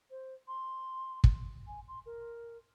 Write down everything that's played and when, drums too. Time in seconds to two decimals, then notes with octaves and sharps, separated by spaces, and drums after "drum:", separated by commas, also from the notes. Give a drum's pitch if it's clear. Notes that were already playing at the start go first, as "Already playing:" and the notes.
0.11 C5
0.48 C6
1.24 drum: kick
1.67 G#5
1.88 C6
2.06 A#4